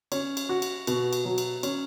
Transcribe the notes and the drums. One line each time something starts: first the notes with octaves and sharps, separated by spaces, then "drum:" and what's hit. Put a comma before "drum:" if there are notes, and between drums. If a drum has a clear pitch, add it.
C#4, drum: cymbal
drum: cymbal
F#4
drum: cymbal
B2, drum: cymbal
drum: cymbal
F#3
drum: cymbal
C#4, drum: cymbal